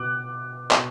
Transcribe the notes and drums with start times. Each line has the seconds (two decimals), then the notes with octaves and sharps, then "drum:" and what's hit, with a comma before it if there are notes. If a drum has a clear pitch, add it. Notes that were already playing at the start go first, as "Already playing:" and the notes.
Already playing: B2 D6 F#6
0.71 B2, drum: clap